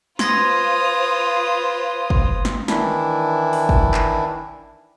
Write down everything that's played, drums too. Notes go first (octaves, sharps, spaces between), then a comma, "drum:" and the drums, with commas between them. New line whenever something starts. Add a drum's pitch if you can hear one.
F4 B4 C5 C6 D#6 G#6 A#6, drum: snare
drum: kick
drum: snare
D#3 E3 D4 E4, drum: snare
drum: open hi-hat
drum: kick
drum: clap